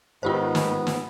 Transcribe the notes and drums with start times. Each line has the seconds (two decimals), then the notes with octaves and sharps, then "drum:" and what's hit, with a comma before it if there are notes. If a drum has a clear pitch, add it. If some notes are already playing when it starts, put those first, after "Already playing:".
0.23 G#2 D#3 B3 F4 G4 C5
0.55 drum: snare
0.87 drum: snare